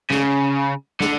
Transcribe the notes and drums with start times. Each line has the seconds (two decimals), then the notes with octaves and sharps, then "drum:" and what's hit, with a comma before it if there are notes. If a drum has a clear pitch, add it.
0.11 C#3, drum: snare
1.00 D3, drum: snare